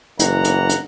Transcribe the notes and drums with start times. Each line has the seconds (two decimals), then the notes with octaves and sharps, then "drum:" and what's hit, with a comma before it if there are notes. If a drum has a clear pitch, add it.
0.19 F#1 E3 F#5 A#5, drum: hi-hat
0.44 drum: hi-hat
0.69 drum: hi-hat